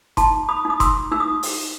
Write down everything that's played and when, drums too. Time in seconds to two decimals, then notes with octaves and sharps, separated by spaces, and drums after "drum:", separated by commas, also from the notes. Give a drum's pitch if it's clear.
0.17 D#4 A5 C6, drum: kick F#1, hi-hat
0.49 B5 D#6
0.65 D#4
0.70 D#6
0.80 C6 E6, drum: kick F#1, hi-hat
1.11 D#4 E6
1.20 D#6
1.43 drum: open hi-hat